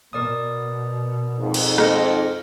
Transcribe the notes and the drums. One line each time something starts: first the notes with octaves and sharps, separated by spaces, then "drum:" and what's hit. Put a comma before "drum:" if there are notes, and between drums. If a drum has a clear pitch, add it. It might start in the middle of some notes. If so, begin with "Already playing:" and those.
B2 A#4 D5 D#6
F2 G#2
drum: cymbal
D#5 F6 C#7, drum: rim click